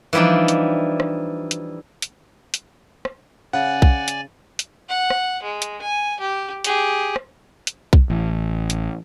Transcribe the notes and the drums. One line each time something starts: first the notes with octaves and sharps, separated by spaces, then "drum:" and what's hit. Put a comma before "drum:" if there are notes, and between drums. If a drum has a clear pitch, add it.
E3 F3 G3 D4 D#4
drum: hi-hat
drum: rim click
drum: hi-hat
drum: hi-hat
drum: hi-hat
drum: rim click
C#3 D5 F#5 G#5
drum: kick B1
drum: hi-hat
drum: hi-hat
F#5
drum: rim click
G#3
drum: hi-hat
G#5
G4
G4 G#4, drum: hi-hat
drum: rim click
drum: hi-hat
drum: kick B1
A1
drum: hi-hat